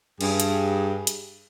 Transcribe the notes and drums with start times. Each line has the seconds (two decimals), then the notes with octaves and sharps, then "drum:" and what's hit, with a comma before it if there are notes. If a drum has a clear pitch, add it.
0.21 G2 G#4, drum: cymbal
0.40 drum: hi-hat
1.07 drum: hi-hat